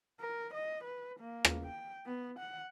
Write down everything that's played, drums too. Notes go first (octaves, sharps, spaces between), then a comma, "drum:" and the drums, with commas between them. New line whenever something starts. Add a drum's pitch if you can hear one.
A#4
D#5
B4
A#3
drum: rim click
G5
B3
F#5